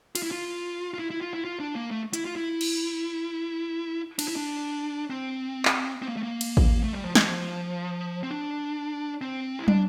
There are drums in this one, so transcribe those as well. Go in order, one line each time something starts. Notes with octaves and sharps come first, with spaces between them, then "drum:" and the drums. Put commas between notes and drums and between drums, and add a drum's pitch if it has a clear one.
F4, drum: cymbal
E4
F4
F4
E4
E4
F4
E4
F4
D4
A#3
A3
E4, drum: hi-hat
F4
E4
drum: cymbal
D4, drum: cymbal
E4
D4
C4
drum: clap
C4
A#3
A3
A#3
drum: cymbal
drum: kick A1
A3
G3
F3
E3, drum: snare
F3
C4
D4
C4
E4
D4, drum: tom